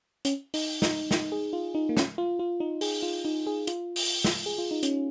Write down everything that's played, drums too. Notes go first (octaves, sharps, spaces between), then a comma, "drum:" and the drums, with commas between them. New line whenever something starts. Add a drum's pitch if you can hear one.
C#4, drum: hi-hat
D#4, drum: open hi-hat
D#4, drum: snare
D#4, drum: snare
G#4
F4
D#4
A#3
C#4, drum: snare
F4
F4
D#4
G#4, drum: open hi-hat
F4
D#4
G#4
F4, drum: hi-hat
drum: open hi-hat
drum: snare
G#4
F4
D#4
C#4, drum: hi-hat